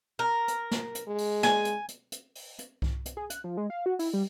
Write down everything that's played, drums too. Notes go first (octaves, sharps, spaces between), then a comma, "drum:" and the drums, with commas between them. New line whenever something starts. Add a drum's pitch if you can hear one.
A#4
drum: hi-hat
drum: snare
drum: hi-hat
G#3
drum: open hi-hat
G#5, drum: snare
drum: hi-hat
drum: hi-hat
drum: hi-hat
drum: open hi-hat
drum: hi-hat
drum: kick C2
drum: hi-hat
G#4
F#6, drum: hi-hat
F3
G#3
F5
F#4
E4, drum: open hi-hat
G3